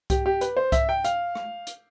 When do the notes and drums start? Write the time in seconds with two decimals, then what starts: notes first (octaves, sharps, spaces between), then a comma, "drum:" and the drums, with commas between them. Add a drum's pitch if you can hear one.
0.10 G4, drum: kick C2, hi-hat
0.26 G4
0.41 B4, drum: hi-hat
0.57 C5
0.72 E5, drum: kick C2, hi-hat
0.89 G5
1.04 F5, drum: hi-hat
1.35 drum: rim click
1.67 drum: hi-hat